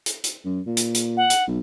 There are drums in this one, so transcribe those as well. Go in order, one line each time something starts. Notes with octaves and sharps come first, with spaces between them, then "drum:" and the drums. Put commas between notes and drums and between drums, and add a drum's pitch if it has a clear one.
drum: hi-hat
drum: hi-hat
F#2
A#2
drum: hi-hat
drum: hi-hat
F#5
drum: hi-hat
B1